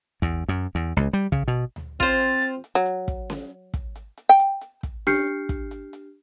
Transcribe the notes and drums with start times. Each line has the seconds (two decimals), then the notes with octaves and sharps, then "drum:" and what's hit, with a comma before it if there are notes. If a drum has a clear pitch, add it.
0.22 E2, drum: kick, hi-hat
0.49 F#2
0.75 E2
0.97 C#2
1.13 G3
1.32 C#3, drum: kick, hi-hat
1.48 B2
1.76 drum: tom D2
2.00 C4 F4 C5 A6, drum: kick
2.20 drum: hi-hat
2.42 drum: hi-hat
2.64 drum: hi-hat
2.75 F#3
2.86 drum: hi-hat
3.08 drum: kick, hi-hat
3.30 drum: snare C#4
3.74 drum: kick, hi-hat
3.96 drum: hi-hat
4.17 drum: hi-hat
4.29 G5
4.39 drum: hi-hat
4.61 drum: hi-hat
4.83 drum: kick, hi-hat
5.07 D4 G4 F6 G6 C7 C#7, drum: snare C#4
5.49 drum: kick, hi-hat
5.71 drum: hi-hat
5.93 drum: hi-hat